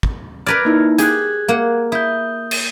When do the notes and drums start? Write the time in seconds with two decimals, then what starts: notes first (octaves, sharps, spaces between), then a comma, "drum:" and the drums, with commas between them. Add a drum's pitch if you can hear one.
0.03 drum: kick
0.47 A#4 B4 D5 F6 G#6 A#6
0.65 A#3 D#4 E4
0.98 G4 G#4 F#6 G#6, drum: hi-hat
1.48 A#3 F#5
1.92 E4 D#6 G6
2.51 drum: cymbal